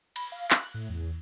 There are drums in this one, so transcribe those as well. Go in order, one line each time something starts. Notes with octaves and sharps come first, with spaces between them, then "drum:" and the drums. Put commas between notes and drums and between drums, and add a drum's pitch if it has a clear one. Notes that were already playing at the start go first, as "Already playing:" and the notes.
B5, drum: cymbal
F5
F#6, drum: clap
A2
E2